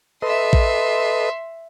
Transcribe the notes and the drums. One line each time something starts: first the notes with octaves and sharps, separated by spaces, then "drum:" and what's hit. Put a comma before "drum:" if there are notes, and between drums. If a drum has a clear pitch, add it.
A4 B4 D#5 E5 C6
drum: kick A1